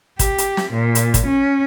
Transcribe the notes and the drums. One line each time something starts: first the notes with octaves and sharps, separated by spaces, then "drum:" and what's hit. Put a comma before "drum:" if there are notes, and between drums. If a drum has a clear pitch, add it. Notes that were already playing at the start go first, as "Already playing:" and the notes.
G4, drum: kick, hi-hat
drum: hi-hat
drum: snare
A#2
drum: hi-hat
drum: kick, hi-hat
C#4